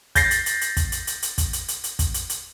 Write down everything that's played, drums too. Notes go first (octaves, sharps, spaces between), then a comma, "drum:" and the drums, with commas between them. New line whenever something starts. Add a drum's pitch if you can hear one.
G6 A6 A#6 C7, drum: kick, hi-hat
drum: hi-hat
drum: hi-hat
drum: hi-hat
drum: kick, hi-hat
drum: hi-hat
drum: hi-hat
drum: hi-hat
drum: kick, hi-hat
drum: hi-hat
drum: hi-hat
drum: hi-hat
drum: kick, hi-hat
drum: hi-hat
drum: hi-hat